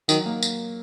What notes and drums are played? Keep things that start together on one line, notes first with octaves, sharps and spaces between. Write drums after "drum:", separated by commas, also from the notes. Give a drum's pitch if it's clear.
D#3 F#3, drum: tambourine
A#3
drum: tambourine